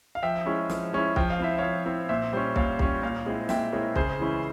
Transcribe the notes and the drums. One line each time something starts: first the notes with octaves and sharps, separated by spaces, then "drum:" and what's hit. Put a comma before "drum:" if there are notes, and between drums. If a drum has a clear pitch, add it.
F5
F3 E5 G5
G#3 C#4 E4
F3, drum: snare
G#3 C#4 E4
F3 G5, drum: kick B1
F5
C4 E4 E5
F3 C#5 F5
C4 E4
A#2 C5 E5
G3 C#4 C5 E5
A#2 C#5 F5, drum: kick B1
G3 C#4, drum: kick B1
A#2 C#5 F5
G#3 C4 E4
A#2 E5 G5, drum: snare
G#3 C4 E4 A#4 C#5
C#3 G#4 C5, drum: kick B1
E3 G#3 C#4 E4